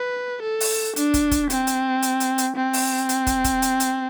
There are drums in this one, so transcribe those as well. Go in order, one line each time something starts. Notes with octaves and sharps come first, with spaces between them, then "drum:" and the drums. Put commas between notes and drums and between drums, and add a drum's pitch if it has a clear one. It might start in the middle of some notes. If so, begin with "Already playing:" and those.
Already playing: B4
A4
drum: open hi-hat
D4, drum: hi-hat
drum: kick, hi-hat
drum: kick, hi-hat
C4, drum: hi-hat
drum: hi-hat
drum: hi-hat
drum: hi-hat
drum: hi-hat
C4
drum: open hi-hat
drum: hi-hat
drum: kick, hi-hat
drum: kick, hi-hat
drum: hi-hat
drum: hi-hat